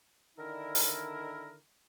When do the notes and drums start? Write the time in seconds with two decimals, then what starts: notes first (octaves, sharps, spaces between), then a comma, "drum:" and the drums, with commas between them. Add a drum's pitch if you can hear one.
0.38 D3 D#3 E4 A#4
0.75 drum: open hi-hat